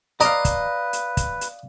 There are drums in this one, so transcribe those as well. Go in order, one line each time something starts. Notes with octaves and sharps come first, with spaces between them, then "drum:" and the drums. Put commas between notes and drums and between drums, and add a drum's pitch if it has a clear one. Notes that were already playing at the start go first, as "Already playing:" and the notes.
B4 D5 D#5 F5 A#5, drum: hi-hat
drum: kick, hi-hat
drum: hi-hat
drum: kick, hi-hat
drum: hi-hat